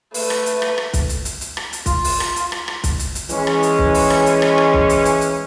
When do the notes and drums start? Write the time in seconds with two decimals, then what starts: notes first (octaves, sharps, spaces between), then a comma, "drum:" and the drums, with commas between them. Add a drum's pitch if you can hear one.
0.14 A3 B4, drum: open hi-hat
0.30 drum: rim click
0.46 drum: hi-hat
0.62 drum: rim click
0.78 drum: rim click
0.93 drum: kick, hi-hat
1.09 drum: hi-hat
1.25 drum: hi-hat
1.41 drum: hi-hat
1.57 drum: rim click
1.73 drum: hi-hat
1.86 F4, drum: kick, hi-hat
2.04 drum: open hi-hat
2.20 drum: rim click
2.36 drum: hi-hat
2.52 drum: rim click
2.68 drum: rim click
2.84 drum: kick, hi-hat
2.99 drum: hi-hat
3.15 drum: hi-hat
3.29 E3 G#3 C#4, drum: hi-hat
3.47 drum: rim click
3.63 drum: hi-hat
3.79 drum: kick
3.94 drum: open hi-hat
4.10 drum: rim click
4.26 drum: hi-hat
4.42 drum: rim click
4.58 drum: rim click
4.74 drum: kick
4.89 drum: hi-hat
5.05 drum: hi-hat
5.21 drum: hi-hat